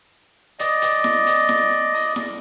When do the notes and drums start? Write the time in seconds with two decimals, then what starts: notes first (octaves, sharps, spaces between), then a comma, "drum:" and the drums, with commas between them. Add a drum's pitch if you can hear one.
0.59 D5 D#5, drum: hi-hat
0.82 drum: hi-hat
1.04 drum: snare E4
1.26 drum: hi-hat
1.49 drum: snare E4
1.94 drum: open hi-hat
2.16 drum: snare E4